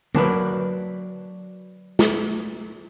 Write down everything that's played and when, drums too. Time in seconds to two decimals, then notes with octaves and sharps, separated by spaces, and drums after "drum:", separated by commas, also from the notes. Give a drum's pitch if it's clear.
0.15 F#3 D4 A#4 B4, drum: tom D3
1.99 drum: snare